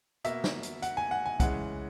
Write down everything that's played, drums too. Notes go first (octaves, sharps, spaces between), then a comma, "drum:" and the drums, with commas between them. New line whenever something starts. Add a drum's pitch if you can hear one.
B2 A#3 E5, drum: hi-hat
drum: snare
drum: hi-hat
F#5, drum: hi-hat
G#5
F#5
G#5
C#3 E3 G#3 F#5, drum: kick, hi-hat